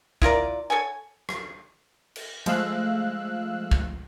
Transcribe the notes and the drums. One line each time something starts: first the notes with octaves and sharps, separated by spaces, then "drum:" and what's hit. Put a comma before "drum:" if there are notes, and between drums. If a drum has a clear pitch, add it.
E4 F4 A#4 D5, drum: kick
A4 C#5 F#5 G#5
drum: rim click
drum: cymbal
F3 G#3 A3 F5 E6 F#6, drum: cymbal
drum: kick